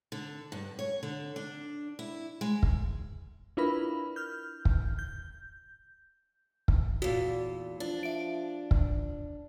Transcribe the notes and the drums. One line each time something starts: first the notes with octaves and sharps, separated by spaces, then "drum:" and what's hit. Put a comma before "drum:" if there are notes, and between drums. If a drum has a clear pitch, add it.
D3
G2
C#5
D3
D4
E4
G#3
drum: kick
D4 E4 F4 A#4 B4 B5
F6 G6
drum: kick
G6
drum: kick
E2 A#2 F#4
F3 D4
E5 D7
drum: kick